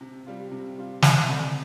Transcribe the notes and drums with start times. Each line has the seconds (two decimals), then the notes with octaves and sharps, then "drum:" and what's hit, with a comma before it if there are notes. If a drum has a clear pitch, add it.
0.01 C3
0.26 G3 F4
0.51 C3
0.77 G3 F4
1.02 C2, drum: snare
1.27 C3 A3